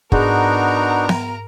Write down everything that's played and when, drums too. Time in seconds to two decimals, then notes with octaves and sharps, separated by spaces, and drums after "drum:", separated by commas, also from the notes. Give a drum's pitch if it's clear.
0.12 G#2 B3 D4 D#4 F#4 G#4 A#4 A#5, drum: kick
1.09 drum: snare B3